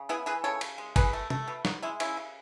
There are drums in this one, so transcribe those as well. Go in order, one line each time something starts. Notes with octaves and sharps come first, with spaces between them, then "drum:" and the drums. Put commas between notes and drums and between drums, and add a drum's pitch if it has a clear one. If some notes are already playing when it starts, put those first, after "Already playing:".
Already playing: C#3
B3 E4 G#4
E3 G#4 B4
C#3 A4 C#5
C#3, drum: cymbal
G#3
E3 G#4 B4, drum: kick G1, cymbal
A3
A3, drum: tom
B2
B2 D#4 F#4, drum: snare
G#3 C#4 E4
C#3 C#4 E4, drum: cymbal
C#3